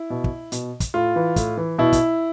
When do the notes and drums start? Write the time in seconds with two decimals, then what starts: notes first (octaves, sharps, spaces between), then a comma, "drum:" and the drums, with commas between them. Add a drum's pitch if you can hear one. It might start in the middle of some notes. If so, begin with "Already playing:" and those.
Already playing: E4
0.10 B2
0.24 drum: kick
0.52 B2, drum: hi-hat
0.80 drum: kick, hi-hat
0.94 A2 F4
1.16 E3
1.36 A2, drum: kick, hi-hat
1.57 E3
1.78 B2 E4
1.93 drum: kick, hi-hat